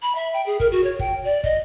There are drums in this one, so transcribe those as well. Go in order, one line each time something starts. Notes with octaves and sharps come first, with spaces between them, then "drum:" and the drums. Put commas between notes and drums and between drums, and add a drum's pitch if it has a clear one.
B5
E5
G5
G#4
A#4, drum: kick
F#4
C#5
G5, drum: kick
D5
D#5, drum: kick